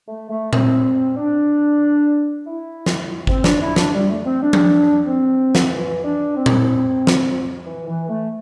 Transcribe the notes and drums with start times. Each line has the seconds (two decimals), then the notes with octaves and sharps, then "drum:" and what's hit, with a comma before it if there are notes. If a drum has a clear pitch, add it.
0.09 A3
0.30 A3
0.53 C4, drum: tom A#2
1.17 D4
2.47 E4
2.86 drum: snare
3.27 C4, drum: kick
3.44 D4, drum: snare
3.60 E4
3.76 D4, drum: snare
3.93 G3
4.09 A3
4.25 C4
4.42 D4
4.53 drum: tom F3
5.06 C4
5.55 drum: snare
5.70 E3
6.04 D4
6.36 C4
6.46 drum: tom A#2
7.07 drum: snare
7.66 E3
7.88 E3
8.09 A3